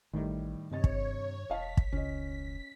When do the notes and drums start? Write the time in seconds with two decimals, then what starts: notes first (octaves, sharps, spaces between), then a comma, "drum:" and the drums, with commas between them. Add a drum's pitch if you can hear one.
0.13 A1 A2 D#3 G3
0.71 G2 C3 C#5 D#5 A6
0.84 drum: kick
1.50 E1 D#5 F5 A5 B6
1.77 drum: kick
1.92 C#2 C#4 D#5